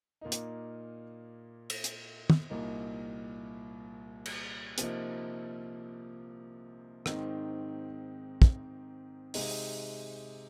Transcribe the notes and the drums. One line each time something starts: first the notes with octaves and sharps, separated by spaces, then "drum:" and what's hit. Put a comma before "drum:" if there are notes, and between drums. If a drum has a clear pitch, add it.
A#2 A#3 D#4
drum: hi-hat
drum: cymbal
drum: hi-hat
drum: tom
C2 A#2 A#3 D#4
drum: cymbal
C3 F3 A#3 D#4, drum: hi-hat
G#2 D#3 C4 D#4, drum: rim click
drum: kick
C3 G#3 D#4, drum: open hi-hat